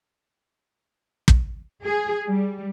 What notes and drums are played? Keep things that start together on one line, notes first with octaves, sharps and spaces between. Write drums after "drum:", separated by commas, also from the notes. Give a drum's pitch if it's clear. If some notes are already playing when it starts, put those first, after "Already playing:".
drum: kick
G#4
G3